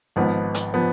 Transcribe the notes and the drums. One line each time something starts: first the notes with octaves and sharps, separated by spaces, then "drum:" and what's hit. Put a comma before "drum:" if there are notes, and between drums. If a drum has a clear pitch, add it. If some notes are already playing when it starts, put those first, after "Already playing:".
G#1 G#2 F3 B3
drum: hi-hat
F3 B3